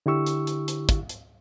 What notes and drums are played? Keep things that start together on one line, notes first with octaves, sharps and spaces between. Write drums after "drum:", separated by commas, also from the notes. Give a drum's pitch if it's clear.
D3 E4 G4 C#6 E6
drum: hi-hat
drum: hi-hat
drum: hi-hat
drum: kick, hi-hat
drum: hi-hat